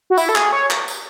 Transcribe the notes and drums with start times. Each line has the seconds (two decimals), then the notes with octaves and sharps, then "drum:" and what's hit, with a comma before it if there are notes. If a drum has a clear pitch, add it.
0.10 F#4
0.18 E4, drum: tambourine
0.29 A4
0.35 G#4, drum: clap
0.52 C#5
0.70 drum: clap
0.88 drum: tambourine